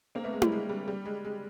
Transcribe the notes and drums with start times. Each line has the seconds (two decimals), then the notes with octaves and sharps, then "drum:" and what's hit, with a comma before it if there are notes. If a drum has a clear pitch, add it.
0.15 A#3 C4
0.24 A3 B3
0.33 G#3
0.42 G3, drum: tom E4
0.52 G#3
0.69 G3
0.88 G3
1.06 G#3
1.25 G#3